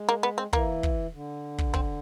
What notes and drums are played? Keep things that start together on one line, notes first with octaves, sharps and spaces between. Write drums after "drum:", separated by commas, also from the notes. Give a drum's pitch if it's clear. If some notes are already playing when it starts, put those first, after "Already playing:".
Already playing: G#3
A#3
B3
C4
E3 A#3, drum: kick
drum: kick
D3
drum: kick
C4, drum: kick